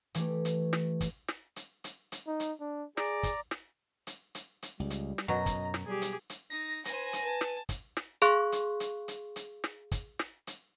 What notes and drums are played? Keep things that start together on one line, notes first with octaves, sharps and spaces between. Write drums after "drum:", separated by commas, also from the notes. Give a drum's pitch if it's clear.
E3 A3 G4, drum: hi-hat
drum: hi-hat
drum: snare
drum: kick, hi-hat
drum: snare
drum: hi-hat
drum: hi-hat
drum: hi-hat
D#4
drum: hi-hat
D4
G#4 D5 A#5 D6, drum: snare
drum: kick, hi-hat
drum: snare
drum: hi-hat
drum: hi-hat
drum: hi-hat
C#2 G3
drum: hi-hat
drum: snare
F#2 B2 F#3 D#5 A#5
drum: kick, hi-hat
drum: snare
G3 G4 G#4
drum: hi-hat
drum: hi-hat
D#4 A#6
B4 C5 G#5 A#6, drum: hi-hat
drum: hi-hat
B4 A5
drum: snare
drum: kick, hi-hat
drum: snare
G#4 F5 C6 C#6 F#6, drum: hi-hat
drum: hi-hat
drum: hi-hat
drum: hi-hat
drum: hi-hat
drum: snare
drum: kick, hi-hat
drum: snare
drum: hi-hat